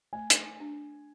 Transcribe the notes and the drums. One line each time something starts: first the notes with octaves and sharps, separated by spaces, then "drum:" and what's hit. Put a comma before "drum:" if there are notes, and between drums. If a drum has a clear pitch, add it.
A3 G#5
drum: hi-hat
D4